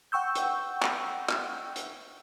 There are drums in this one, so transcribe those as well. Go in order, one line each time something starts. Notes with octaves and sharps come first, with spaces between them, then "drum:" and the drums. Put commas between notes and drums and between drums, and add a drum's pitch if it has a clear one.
F#5 G5 C#6 E6 G6
drum: hi-hat
drum: clap
drum: clap
drum: hi-hat